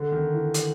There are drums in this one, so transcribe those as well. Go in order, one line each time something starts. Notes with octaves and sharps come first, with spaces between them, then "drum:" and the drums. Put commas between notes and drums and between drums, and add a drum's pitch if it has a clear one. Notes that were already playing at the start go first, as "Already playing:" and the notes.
Already playing: D3
D#3
E3
drum: hi-hat